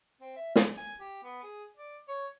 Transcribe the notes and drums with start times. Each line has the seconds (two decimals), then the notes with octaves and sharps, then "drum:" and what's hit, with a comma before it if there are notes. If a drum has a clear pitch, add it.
0.21 C4
0.36 E5
0.56 G#4, drum: snare
0.77 G#5
1.00 G4
1.23 B3
1.43 G#4
1.77 D5
2.09 C#5